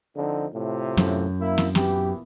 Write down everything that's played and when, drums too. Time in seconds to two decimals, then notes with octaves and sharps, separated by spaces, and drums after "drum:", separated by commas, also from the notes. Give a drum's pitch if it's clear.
0.16 D3 F3 C4 D#4
0.53 A2 C3 F4
0.97 F#2 A2, drum: snare
1.40 A#3 E4
1.58 drum: snare
1.75 A#2 E3 B3 G4, drum: snare